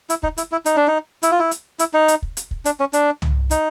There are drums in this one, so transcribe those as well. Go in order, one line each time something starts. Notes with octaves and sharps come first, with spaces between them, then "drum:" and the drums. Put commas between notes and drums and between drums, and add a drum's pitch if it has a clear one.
E4, drum: hi-hat
D#4, drum: kick
E4, drum: hi-hat
E4
D#4, drum: hi-hat
D4
D#4
E4, drum: hi-hat
F4
E4
drum: hi-hat
E4, drum: hi-hat
D#4
drum: hi-hat
drum: kick
drum: hi-hat
drum: kick
D4, drum: hi-hat
C#4
D4, drum: hi-hat
drum: tom
D#4, drum: hi-hat